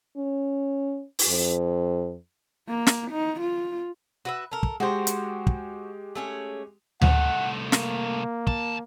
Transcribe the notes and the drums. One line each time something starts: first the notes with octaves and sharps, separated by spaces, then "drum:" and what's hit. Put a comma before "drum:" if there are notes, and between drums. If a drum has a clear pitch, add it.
C#4
drum: open hi-hat
F2
A#3
drum: snare
D#4
F4
F#4 B4 E5
A4 A#4
drum: kick
G#3 F#4 G4 C5
drum: hi-hat
drum: kick
A3 C#4 G#4
C2 A3 F#5, drum: tom D2
A#3, drum: snare
D#2 A5, drum: kick